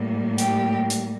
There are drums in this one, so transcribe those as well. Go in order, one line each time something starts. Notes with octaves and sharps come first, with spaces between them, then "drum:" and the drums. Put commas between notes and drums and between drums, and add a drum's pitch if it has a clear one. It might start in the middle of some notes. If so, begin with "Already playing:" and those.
Already playing: A2 G3 A#3
G4, drum: hi-hat
drum: hi-hat